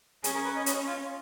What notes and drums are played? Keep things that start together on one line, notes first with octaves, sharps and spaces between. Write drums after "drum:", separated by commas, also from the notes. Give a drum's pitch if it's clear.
C#4 G#4, drum: hi-hat
A#4
B4
D#5
C#5, drum: hi-hat
F4